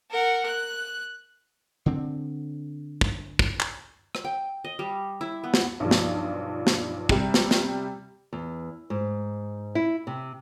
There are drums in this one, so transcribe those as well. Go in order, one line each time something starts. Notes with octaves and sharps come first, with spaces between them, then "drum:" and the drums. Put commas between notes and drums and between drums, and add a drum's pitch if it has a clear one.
A#4 F#5
F#6
D3 C4
drum: kick
drum: kick
drum: clap
drum: rim click
G5
D#5
G3
E4
B3
drum: snare
B1 G2 F3
drum: snare
drum: snare
C3 G3, drum: kick
drum: snare
drum: snare
E2
G#2
E4
C3